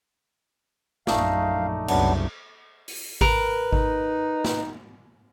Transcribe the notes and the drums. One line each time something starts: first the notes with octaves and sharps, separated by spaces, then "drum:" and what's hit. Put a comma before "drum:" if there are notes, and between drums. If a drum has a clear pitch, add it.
A#1 F#2 A3 D#4 D5 F5, drum: snare
F#1 C2 F#3 B3 D4, drum: cymbal
drum: open hi-hat
A#4 B4, drum: kick G#1
D#4, drum: kick G#1
drum: snare